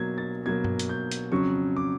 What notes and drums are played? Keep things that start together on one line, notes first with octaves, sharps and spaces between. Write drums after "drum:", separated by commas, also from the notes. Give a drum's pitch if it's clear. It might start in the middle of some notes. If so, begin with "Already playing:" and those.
Already playing: B2 F#3 A#3 G#6
A6
B2 F#3 A#3 G#6
drum: tom G2
drum: hi-hat
G6
drum: hi-hat
F2 C#3 F#3 C#6
D6